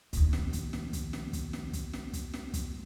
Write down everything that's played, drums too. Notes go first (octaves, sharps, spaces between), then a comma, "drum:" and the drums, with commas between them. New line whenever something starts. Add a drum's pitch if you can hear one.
A#1 D#2, drum: kick, hi-hat
drum: snare
drum: kick, hi-hat
drum: snare
drum: kick, hi-hat
drum: snare
drum: kick, hi-hat
drum: snare
drum: kick, hi-hat
drum: snare
drum: kick, hi-hat
drum: snare
drum: kick, hi-hat